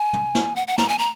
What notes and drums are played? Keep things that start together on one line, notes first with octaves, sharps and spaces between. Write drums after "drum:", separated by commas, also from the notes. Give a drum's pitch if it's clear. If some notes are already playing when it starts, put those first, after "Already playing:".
Already playing: G#5
drum: tom
drum: snare
F#5
F#5
A#5, drum: snare
G#5
A#5